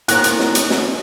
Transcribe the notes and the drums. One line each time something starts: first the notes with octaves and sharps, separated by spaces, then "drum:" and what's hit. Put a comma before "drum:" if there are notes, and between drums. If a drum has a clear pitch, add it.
A#3 E4 F#4 A#4 C#5 F#6, drum: hi-hat
drum: hi-hat
drum: snare
drum: hi-hat
drum: snare